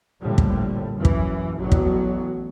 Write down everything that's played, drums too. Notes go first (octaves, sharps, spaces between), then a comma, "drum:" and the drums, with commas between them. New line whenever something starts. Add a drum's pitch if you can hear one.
A#1 A2 D3 G3
drum: kick
F#2 E3
drum: kick
A1 F#3 B3
drum: kick